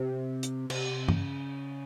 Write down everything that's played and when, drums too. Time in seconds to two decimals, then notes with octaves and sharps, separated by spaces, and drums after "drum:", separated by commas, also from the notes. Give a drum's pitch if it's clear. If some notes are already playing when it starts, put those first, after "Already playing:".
Already playing: C3
0.43 drum: hi-hat
0.70 C3, drum: cymbal
1.09 C#3, drum: tom G2